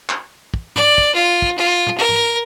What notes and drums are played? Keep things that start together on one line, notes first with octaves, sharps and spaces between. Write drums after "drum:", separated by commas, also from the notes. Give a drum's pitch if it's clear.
drum: clap
drum: kick
D5, drum: tom G#2
drum: kick
F4
drum: kick
F4
drum: tom
A#4
drum: tom G#2